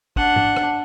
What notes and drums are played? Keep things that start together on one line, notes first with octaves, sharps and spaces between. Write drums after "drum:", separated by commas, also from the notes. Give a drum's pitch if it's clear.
D4 F#5, drum: kick
drum: tom G#2
drum: rim click